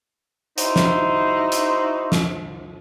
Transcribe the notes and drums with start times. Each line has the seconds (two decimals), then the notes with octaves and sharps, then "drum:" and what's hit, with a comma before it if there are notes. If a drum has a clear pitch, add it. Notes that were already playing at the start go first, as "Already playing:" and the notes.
0.58 D#4 E4 F#4 C5, drum: hi-hat
0.76 drum: snare
1.52 drum: hi-hat
2.12 drum: snare